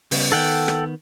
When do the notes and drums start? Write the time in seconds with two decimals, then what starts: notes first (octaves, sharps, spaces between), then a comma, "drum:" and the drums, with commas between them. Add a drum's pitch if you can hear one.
0.11 C#3 G3 B3, drum: open hi-hat
0.32 D#3 B3 A4 F#5 G5
0.68 drum: rim click